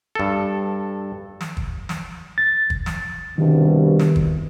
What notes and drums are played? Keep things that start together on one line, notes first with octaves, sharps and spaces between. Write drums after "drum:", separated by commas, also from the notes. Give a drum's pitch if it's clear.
G2 A4
drum: snare
drum: kick
drum: snare
A6
drum: kick
drum: snare
C2 G2 B2 D#3
drum: snare
drum: kick